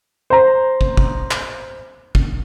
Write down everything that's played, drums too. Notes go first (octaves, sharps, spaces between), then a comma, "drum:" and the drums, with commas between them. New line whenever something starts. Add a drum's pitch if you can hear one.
C5 A#5
drum: kick
drum: kick
drum: clap
drum: kick